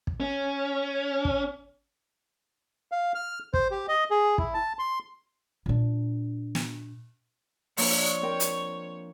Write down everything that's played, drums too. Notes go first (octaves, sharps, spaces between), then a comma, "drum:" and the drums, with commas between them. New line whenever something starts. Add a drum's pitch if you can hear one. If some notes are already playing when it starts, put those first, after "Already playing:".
drum: kick
C#4
drum: kick
F5
F6
C5, drum: kick
G4
D#5
G#4
E4, drum: kick
A5
C6
A#2 D4
drum: snare
F3 A#3 D4 C#5, drum: open hi-hat
C4 A#4 G5
drum: hi-hat